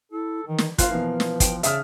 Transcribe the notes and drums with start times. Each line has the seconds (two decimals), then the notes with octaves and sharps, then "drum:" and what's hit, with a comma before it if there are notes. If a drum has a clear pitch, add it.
0.12 E4 A4
0.47 D#3 E3
0.58 drum: snare
0.78 A#3 F4 C5 F5 F#6, drum: kick, hi-hat
0.91 B2 E3 F3 B4
1.20 drum: snare
1.40 G5, drum: kick, hi-hat
1.63 C#3 D4 E5 D#6 F6, drum: hi-hat